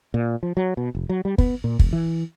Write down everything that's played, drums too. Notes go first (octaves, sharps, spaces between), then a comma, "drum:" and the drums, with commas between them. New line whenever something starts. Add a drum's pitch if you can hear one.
A#2
F3
F#3
B2
F1
F#3
G3
B3, drum: kick
A#2
E1, drum: kick
E3